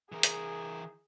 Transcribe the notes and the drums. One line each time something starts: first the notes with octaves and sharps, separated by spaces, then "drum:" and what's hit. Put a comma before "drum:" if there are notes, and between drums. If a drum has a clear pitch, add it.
E3 G#4 A#4
drum: hi-hat